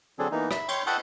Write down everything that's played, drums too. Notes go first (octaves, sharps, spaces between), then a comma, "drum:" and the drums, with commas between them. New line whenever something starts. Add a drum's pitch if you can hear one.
D3 F#3 C4 D4 G#4 A4
E3 A#3 B3 D#4
E5 B5 E6, drum: rim click
C#5 G5 C6 C#6, drum: cymbal
F#5 G5 A5 C#6 D#6 E6, drum: cymbal